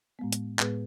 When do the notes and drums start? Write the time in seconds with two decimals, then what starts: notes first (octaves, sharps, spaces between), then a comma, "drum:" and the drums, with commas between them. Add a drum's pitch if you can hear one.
0.19 A2 G#3 B3
0.32 drum: hi-hat
0.59 A2 G#3 B3 G#4 B4, drum: clap